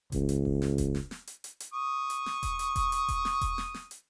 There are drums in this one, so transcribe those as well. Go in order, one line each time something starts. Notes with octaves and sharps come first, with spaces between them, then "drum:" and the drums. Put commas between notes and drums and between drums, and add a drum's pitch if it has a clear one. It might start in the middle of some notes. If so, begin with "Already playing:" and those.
C#2, drum: kick E1, hi-hat
drum: hi-hat
drum: kick E1
drum: snare
drum: kick E1, hi-hat
drum: snare
drum: snare
drum: hi-hat
drum: hi-hat
drum: hi-hat
C#6 D#6
drum: hi-hat
drum: snare
drum: kick E1, hi-hat
drum: hi-hat
drum: kick E1, hi-hat
drum: hi-hat
drum: kick E1, hi-hat
drum: snare
drum: kick E1, hi-hat
drum: snare
drum: snare
drum: hi-hat